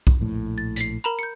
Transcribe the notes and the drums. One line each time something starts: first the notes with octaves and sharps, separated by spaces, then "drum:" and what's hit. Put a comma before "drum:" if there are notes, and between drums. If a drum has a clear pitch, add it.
drum: kick B1
A#1 A2
A6
B6 C7, drum: hi-hat
A#4 A#5 B5
G6 C#7